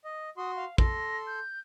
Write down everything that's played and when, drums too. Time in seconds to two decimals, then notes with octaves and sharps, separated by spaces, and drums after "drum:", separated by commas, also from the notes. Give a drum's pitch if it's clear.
0.04 D#5
0.37 F#4 C6 D#6
0.56 F5
0.78 A4 C6 A#6, drum: kick
1.27 G6